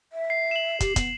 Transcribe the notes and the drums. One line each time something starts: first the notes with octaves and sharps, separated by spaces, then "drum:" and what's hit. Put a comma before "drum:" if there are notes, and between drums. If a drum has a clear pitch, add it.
E5
C7
E7 F#7
G4, drum: kick, hi-hat
B3, drum: kick, hi-hat